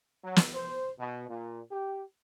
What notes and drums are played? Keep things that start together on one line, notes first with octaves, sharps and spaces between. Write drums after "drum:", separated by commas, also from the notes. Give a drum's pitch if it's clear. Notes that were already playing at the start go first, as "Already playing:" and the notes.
F#3
drum: snare
C5
B2
A#2
G4